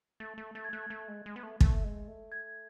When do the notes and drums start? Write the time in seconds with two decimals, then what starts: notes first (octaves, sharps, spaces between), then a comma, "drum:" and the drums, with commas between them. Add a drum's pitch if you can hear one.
0.20 A3 A6
0.38 A3
0.55 A3 A6
0.64 G#6
0.73 A3 F#6
0.83 G#6
0.90 A3
1.08 G#3
1.26 G#3
1.36 B3
1.43 A3
1.60 A3, drum: kick
1.84 G#3
2.08 A3
2.32 G#6